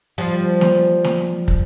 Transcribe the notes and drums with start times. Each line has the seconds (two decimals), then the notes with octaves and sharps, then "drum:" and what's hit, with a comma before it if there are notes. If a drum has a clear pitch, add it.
0.18 F3 G3
0.61 drum: snare
1.04 drum: snare
1.48 drum: kick